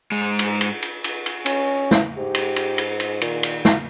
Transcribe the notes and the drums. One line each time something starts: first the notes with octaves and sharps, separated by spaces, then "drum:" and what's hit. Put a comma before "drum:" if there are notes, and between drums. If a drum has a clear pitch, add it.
G#2 G#3
drum: cymbal
drum: cymbal
drum: cymbal
drum: cymbal
drum: cymbal
C#4, drum: cymbal
drum: snare
G#2 G4
drum: cymbal
drum: cymbal
drum: cymbal
drum: cymbal
A#2 D#3, drum: cymbal
drum: cymbal
drum: snare